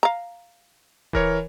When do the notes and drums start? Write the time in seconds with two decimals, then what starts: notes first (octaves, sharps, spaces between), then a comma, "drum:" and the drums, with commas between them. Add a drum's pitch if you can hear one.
0.03 F5 A#5
1.13 E3 A#4 C#5, drum: kick D#1